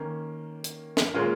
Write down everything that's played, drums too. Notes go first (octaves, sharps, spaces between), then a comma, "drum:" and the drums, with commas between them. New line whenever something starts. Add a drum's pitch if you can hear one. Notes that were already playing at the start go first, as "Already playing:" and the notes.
Already playing: D#3 A#3 C#4
drum: hi-hat
drum: snare
A#2 G#3 C#4 F4 A#4